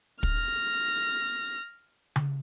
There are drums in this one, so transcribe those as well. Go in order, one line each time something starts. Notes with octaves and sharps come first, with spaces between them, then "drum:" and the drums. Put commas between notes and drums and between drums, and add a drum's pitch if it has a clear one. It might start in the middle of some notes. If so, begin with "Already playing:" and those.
F6 A#6, drum: kick
drum: tom C#3